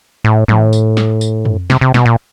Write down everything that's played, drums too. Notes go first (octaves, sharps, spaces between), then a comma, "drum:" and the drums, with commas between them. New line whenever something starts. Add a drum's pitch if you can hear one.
A2
A2, drum: tom
drum: tambourine
drum: snare
drum: tambourine
drum: tom
C3, drum: snare
C3
B2, drum: snare
A#2